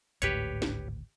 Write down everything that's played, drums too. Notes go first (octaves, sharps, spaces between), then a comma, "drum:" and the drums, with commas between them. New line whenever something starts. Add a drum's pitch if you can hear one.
G#1 D2 A2 G4 B4 C#5, drum: hi-hat
drum: snare